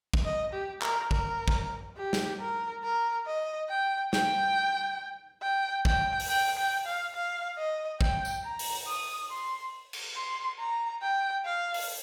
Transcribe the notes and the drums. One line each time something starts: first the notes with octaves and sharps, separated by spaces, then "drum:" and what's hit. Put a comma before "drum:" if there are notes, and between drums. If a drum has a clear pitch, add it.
drum: kick
D#5
G4
A#4, drum: clap
A#4, drum: kick
drum: kick
G4
drum: snare
A#4
A#4
D#5
G5
G5, drum: snare
G5
G5, drum: kick
drum: open hi-hat
G5
G5
F5
F5
D#5
G5, drum: kick
drum: tambourine
A#5
drum: open hi-hat
D#6
C6
drum: cymbal
C6
A#5
G5
F5
drum: open hi-hat